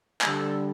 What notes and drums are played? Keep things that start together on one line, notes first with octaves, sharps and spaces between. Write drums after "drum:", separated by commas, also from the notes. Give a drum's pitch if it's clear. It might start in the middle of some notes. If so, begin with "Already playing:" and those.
D3 G3 A4, drum: clap